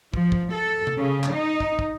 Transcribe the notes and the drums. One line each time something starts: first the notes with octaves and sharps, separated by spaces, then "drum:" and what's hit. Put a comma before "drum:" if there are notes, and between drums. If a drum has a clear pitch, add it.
F3, drum: kick
drum: kick
A4
drum: tom C3
C#3
drum: clap
D#4
drum: kick
drum: kick